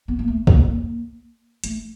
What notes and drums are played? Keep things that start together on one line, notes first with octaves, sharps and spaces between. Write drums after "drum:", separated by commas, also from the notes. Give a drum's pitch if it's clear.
B3
A#3
A3
A#3, drum: kick
A#3
A3, drum: hi-hat